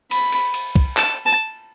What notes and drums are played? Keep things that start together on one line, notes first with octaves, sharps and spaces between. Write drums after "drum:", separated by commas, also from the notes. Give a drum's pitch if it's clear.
B5, drum: cymbal
drum: cymbal
drum: cymbal
drum: kick
A5, drum: clap
A5